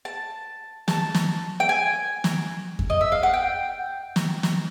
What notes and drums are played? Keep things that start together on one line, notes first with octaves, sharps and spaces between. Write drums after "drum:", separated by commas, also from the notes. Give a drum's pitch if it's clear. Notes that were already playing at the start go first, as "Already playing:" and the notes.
A5
A5, drum: snare
drum: snare
G5
G#5
drum: snare
drum: kick F2
D#5
E5
F5
F#5
G5
drum: snare
drum: snare